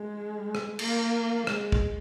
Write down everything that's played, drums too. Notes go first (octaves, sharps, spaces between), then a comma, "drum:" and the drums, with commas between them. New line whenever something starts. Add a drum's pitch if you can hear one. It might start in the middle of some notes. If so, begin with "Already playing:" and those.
Already playing: G#3
drum: rim click
A#3, drum: cymbal
G#3, drum: rim click
drum: kick